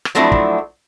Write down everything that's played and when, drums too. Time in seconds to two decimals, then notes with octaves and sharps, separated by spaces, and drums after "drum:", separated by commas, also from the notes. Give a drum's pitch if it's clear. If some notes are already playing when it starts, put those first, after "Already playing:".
0.05 drum: rim click
0.15 F3 F#3 A3 C4 D4 E4
0.32 drum: kick